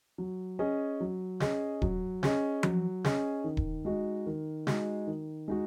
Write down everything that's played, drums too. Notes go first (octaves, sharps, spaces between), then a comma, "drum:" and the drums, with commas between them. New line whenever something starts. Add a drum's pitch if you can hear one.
F#3
C#4 G#4 D#5
F#3
C#4 G#4 D#5, drum: snare
F#3, drum: kick D#1
C#4 G#4 D#5, drum: snare
F#3, drum: tom F3
C#4 G#4 D#5, drum: snare
D#3
drum: kick D#1
G#3 D#4 F#4
D#3
G#3 D#4 F#4, drum: snare
D#3
G#3 D#4 F#4